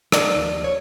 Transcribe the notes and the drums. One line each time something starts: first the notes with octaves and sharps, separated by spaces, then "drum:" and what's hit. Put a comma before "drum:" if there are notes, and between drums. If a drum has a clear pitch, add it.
D5, drum: rim click
D#2 F3
C#5